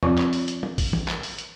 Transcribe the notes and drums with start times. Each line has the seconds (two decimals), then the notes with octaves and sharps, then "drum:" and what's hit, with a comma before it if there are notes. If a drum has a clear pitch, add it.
0.03 F3 C4 F4 D5 C#6, drum: tom E2
0.18 drum: clap
0.33 drum: open hi-hat
0.48 drum: hi-hat
0.63 drum: tom
0.78 drum: kick, open hi-hat
0.93 drum: tom
1.08 drum: clap
1.23 drum: open hi-hat
1.38 drum: hi-hat